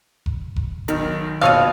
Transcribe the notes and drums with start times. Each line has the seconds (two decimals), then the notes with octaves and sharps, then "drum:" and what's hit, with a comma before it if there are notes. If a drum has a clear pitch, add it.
0.26 drum: kick F1
0.56 drum: kick F1
0.88 B1 D#3, drum: hi-hat
1.41 F#1 B2 F4 C#5 F5 E6